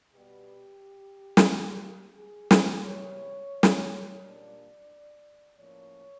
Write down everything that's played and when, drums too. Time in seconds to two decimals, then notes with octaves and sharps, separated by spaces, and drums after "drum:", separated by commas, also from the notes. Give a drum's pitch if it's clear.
0.12 B2 G3 B3 G4
1.37 drum: snare
1.48 C#3 F3 A#3
2.16 G#4
2.51 C5, drum: snare
2.84 C3 E3 G3 B3 C#5
3.63 drum: snare
4.21 A#2 G3 A#3 D4 D5
5.58 A2 F3 A#3 C#4 C#5